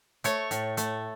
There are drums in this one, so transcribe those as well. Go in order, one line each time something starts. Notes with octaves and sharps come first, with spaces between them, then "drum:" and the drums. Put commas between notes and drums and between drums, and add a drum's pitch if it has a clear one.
A3 C#5, drum: hi-hat
A2, drum: hi-hat
A3, drum: hi-hat